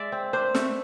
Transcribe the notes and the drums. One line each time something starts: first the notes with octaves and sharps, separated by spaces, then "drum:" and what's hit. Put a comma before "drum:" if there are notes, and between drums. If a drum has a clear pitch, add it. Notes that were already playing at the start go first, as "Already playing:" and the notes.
Already playing: G#3 D5 E5
C4
D4 C5
A3, drum: snare